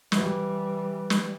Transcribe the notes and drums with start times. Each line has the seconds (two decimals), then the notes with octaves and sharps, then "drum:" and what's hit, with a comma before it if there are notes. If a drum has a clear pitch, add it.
0.12 E3 G3, drum: snare
1.10 drum: snare